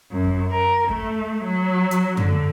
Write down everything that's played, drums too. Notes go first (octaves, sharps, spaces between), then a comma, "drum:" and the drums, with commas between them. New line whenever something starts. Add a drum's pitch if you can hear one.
F#2
drum: kick
A#4
A3, drum: kick
F#3
drum: hi-hat
D3, drum: tom F#2